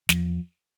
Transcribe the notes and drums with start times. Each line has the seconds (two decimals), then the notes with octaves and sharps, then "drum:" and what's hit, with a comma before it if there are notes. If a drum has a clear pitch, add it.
0.09 E2 F3, drum: snare